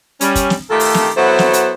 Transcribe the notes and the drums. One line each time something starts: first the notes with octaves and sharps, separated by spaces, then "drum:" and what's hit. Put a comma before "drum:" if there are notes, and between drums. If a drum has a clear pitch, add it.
G3 C#4, drum: hi-hat
drum: kick, hi-hat
drum: snare
D#3 A3 F4 G4 A4
drum: open hi-hat
drum: snare
F#3 B3 E4 F#4 A4 C5
drum: snare
drum: hi-hat